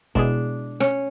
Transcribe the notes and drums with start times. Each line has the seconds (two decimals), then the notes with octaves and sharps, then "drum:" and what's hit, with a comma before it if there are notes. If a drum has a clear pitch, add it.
0.15 B2 G#3 B3 D4 E4 G#4, drum: kick
0.80 C#4, drum: rim click